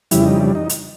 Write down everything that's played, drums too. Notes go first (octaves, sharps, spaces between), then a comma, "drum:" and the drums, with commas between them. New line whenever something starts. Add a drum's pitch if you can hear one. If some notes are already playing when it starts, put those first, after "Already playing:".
F2 C#3 E3 G3 E4, drum: hi-hat
D#4
D4
D#4
drum: hi-hat